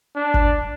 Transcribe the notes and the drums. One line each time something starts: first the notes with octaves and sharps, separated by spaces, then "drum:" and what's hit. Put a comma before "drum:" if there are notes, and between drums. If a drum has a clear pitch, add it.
D4
drum: kick